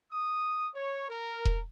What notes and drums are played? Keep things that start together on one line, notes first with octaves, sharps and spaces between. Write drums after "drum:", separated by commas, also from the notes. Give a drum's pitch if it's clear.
D#6
C#5
A#4
drum: kick E1